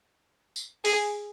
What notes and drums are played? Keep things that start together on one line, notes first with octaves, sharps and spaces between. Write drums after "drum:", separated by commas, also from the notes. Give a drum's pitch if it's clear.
drum: tambourine
G#4, drum: open hi-hat